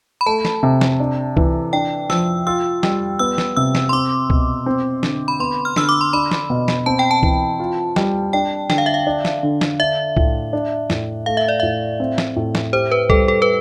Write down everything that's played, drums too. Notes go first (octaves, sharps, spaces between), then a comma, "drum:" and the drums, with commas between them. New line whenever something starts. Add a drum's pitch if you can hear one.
B5
A3 A5
drum: snare
C3
drum: snare
D4
E3, drum: kick C2
D4 G5
F3 E6, drum: snare
F4 E6
G3, drum: snare
B3 E6
drum: snare
C3 E6
drum: snare
C6
C4 D6
B2, drum: kick C2
C4
D3, drum: snare
B5
B3 C6
F6
D3 E6, drum: snare
D6
C6
D4 B5
drum: snare
B2
drum: snare
C4 A5
G5
A5
E3, drum: kick C2
F4
G3, drum: snare
D4 G5
D3 G5, drum: snare
F5
E5
F5
D4
drum: snare
D3
drum: snare
D4 E5
A2, drum: kick C2
D4
A2, drum: snare
A3 F5
E5
D5
A2 E5
C4
drum: snare
A2
drum: snare
G4 C5
B4
G3 A4, drum: kick C2
A4
B4